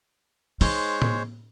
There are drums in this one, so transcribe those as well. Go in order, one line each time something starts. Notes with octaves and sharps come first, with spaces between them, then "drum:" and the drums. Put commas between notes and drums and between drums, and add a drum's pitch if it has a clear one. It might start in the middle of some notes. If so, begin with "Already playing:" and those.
G#3 D#4 C5 C#5, drum: open hi-hat
drum: tom A2